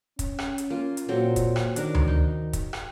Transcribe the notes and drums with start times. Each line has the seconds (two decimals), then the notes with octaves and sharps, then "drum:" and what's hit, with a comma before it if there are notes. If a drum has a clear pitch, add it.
0.19 C#4, drum: kick, hi-hat
0.38 drum: rim click
0.58 drum: hi-hat
0.70 A#3 F4
0.97 drum: hi-hat
1.09 A#2 F#3 C4 A4
1.36 drum: kick, hi-hat
1.56 drum: rim click
1.76 D#3 D4 A#4, drum: hi-hat
1.95 drum: tom D2
2.08 D#4
2.53 drum: kick, hi-hat
2.73 drum: rim click